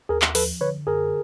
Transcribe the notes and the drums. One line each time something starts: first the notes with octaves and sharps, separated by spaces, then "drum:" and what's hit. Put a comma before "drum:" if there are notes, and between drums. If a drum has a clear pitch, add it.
D#2 G#4 A#4
drum: clap
F3 A4 B4, drum: open hi-hat
D3 B4 C#5
F#2 G#4 A#4